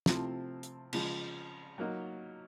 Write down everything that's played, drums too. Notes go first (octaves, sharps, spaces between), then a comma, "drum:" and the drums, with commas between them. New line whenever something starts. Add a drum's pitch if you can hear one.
C3 F3 A3 C4 E4, drum: snare
drum: hi-hat
C#3 F3 G#3, drum: cymbal
F#3 A#3 D#4 F#4